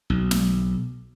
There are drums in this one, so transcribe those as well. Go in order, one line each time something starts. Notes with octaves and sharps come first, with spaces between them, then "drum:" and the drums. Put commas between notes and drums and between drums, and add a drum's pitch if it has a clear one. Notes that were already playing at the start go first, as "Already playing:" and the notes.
B1
drum: snare